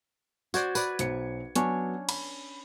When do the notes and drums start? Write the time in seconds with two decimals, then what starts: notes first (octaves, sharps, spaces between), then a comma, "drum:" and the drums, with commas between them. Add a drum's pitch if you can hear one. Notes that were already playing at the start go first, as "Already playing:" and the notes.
0.54 F#4 C5 D5 G#6, drum: tambourine
0.75 B4 D5, drum: tambourine
0.99 B1 C5 C#7, drum: hi-hat
1.56 F#3 B3 C#4 D4 C#5, drum: hi-hat
2.09 B5, drum: cymbal